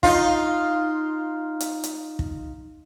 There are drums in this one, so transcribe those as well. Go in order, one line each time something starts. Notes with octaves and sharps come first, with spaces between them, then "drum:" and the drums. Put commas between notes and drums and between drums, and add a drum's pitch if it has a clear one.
D#4 F4, drum: kick
drum: hi-hat
drum: hi-hat
drum: kick